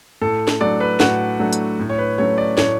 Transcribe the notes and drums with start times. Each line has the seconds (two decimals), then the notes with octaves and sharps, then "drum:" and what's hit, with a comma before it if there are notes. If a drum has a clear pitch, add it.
0.21 A2 A4
0.48 drum: snare
0.60 F#3 A3 D4 D5
0.80 B4
1.00 A2 F#4, drum: snare
1.39 F#3 A3 D4
1.53 drum: hi-hat
1.79 A2
1.90 C#5
1.98 B4
2.18 F#3 A3 C#4 C#5
2.38 D5
2.58 A2 C#5, drum: snare